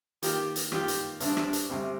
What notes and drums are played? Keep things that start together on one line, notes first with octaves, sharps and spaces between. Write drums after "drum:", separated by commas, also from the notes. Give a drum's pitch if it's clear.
D#3 A#3 F4 G4, drum: hi-hat
drum: hi-hat
D#3 A#3 F4 G4, drum: rim click
drum: hi-hat
D2 C3 G3 C4 D4, drum: hi-hat
drum: rim click
drum: hi-hat
D2 C3 G3 C4